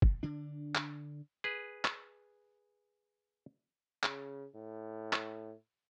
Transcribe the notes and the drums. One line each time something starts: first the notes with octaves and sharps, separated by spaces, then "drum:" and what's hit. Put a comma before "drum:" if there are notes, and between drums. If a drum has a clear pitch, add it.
drum: kick F#1
D3 D4
drum: clap
G#4 B4
drum: clap
C#3, drum: clap
A2
drum: clap